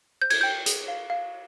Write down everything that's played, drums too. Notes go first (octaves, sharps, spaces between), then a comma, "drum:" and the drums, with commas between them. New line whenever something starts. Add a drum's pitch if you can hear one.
C5 G6
G#6, drum: cymbal
G5 G6
G#4, drum: hi-hat
F5
F5